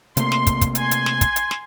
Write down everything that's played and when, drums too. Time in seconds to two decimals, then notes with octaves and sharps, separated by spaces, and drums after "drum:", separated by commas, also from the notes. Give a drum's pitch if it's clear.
0.17 C3 A3 A#3 C6, drum: hi-hat
0.32 drum: snare
0.47 drum: kick, hi-hat
0.61 drum: kick, hi-hat
0.75 G#5 C6, drum: hi-hat
0.91 drum: hi-hat
1.06 drum: snare
1.21 drum: kick, hi-hat
1.36 drum: hi-hat
1.51 drum: snare